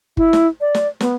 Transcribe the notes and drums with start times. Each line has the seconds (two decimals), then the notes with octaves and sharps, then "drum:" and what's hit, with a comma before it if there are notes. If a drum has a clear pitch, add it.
0.17 E4, drum: kick
0.33 drum: snare
0.61 D5
0.75 drum: snare
1.00 B3, drum: snare